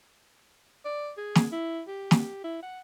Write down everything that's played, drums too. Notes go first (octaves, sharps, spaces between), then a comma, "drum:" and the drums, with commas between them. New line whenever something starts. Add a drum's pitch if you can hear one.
D5
G#4
drum: snare
E4
G4
drum: snare
E4
F#5